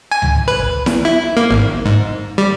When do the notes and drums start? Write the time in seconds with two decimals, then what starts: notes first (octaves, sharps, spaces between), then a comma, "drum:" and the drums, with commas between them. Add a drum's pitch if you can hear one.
0.12 G#5
0.22 drum: tom C#2
0.48 B4
0.59 drum: kick
0.86 drum: snare E4
1.05 E4
1.37 A#3
1.51 G#1
1.85 G#2
2.38 G3